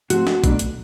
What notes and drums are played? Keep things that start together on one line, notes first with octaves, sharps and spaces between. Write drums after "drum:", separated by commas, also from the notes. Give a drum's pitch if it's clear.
G#2 F3 A3 C4 F#4, drum: hi-hat
drum: snare
B2 F#3 A3 D4, drum: kick A#1, hi-hat
drum: hi-hat